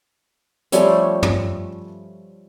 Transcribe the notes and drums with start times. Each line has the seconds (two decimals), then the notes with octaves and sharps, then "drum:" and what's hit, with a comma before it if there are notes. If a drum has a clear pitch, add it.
0.72 F3 G3 A3 C#4, drum: hi-hat
1.23 drum: tom